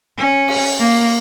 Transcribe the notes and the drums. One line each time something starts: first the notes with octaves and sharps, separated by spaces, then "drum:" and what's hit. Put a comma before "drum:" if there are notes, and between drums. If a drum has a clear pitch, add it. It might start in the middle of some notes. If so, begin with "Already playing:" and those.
C#4
drum: cymbal
A#3